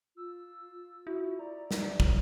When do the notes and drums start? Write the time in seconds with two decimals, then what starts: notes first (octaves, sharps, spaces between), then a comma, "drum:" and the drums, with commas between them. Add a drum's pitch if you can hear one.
0.17 F4 E6
1.07 E4 F#4
1.39 D5 A#5
1.71 drum: snare
2.00 F#3, drum: kick